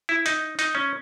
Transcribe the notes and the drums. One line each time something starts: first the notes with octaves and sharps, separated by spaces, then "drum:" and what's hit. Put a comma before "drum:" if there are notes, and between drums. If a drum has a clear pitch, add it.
E4
D#4, drum: hi-hat
D#4, drum: hi-hat
C#4